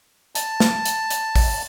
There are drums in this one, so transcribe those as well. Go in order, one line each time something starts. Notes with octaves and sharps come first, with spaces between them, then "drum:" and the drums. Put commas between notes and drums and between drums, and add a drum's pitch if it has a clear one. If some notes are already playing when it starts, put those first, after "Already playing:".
A5, drum: hi-hat
drum: snare
drum: hi-hat
drum: hi-hat
drum: kick, open hi-hat